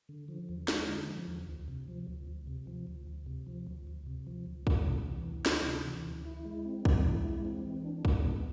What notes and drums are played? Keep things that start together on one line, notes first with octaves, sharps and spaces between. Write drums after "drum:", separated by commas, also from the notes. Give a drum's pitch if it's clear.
D3
F3
E2
G#3, drum: snare
D3
F3
E2
D2
C3
F3
D2
D2
C3
F3
D2
D2
C3
F3
D2
D2
C3
F3
D2
D2, drum: kick
C3
E3
D2
D2, drum: snare
C3
E3
D2
E4
G#3
C4
E3, drum: kick
E4
G#3
C4
E3
D4
G#3, drum: kick
B3